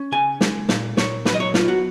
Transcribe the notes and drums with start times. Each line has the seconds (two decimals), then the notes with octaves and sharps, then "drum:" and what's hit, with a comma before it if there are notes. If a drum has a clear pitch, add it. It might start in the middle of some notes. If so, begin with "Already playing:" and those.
Already playing: C#4
0.12 C#3 G#5
0.41 G#3, drum: snare
0.69 A#2 F5, drum: snare
0.97 A#2 C#5, drum: snare
1.25 F#3 B4, drum: snare
1.34 D#5
1.40 C#5
1.54 B3 F4, drum: snare
1.68 F#4